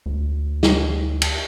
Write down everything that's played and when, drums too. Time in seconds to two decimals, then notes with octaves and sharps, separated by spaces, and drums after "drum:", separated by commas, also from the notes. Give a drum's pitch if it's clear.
0.06 D2
0.63 drum: snare
1.22 drum: cymbal